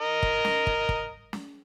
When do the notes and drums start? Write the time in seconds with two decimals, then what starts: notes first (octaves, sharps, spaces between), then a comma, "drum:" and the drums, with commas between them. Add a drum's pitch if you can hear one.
0.01 A#4 D#5
0.23 drum: kick
0.45 drum: snare
0.67 drum: kick
0.89 drum: kick
1.33 drum: snare